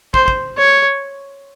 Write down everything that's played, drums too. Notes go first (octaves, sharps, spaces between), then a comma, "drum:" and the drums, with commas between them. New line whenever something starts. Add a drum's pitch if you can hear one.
C5, drum: kick
drum: kick
C#5